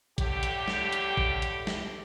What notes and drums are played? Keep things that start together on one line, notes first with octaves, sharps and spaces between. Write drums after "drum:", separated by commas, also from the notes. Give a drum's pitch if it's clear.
A2 D3 G4, drum: kick, hi-hat
drum: hi-hat
drum: snare
drum: hi-hat
drum: kick
drum: hi-hat
drum: snare